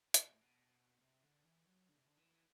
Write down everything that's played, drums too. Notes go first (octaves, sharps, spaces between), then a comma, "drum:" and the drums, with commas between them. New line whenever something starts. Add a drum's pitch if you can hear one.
C3, drum: hi-hat
B2
A2
B2
C3
D3
E3
F#3
D3
C3
D3
E3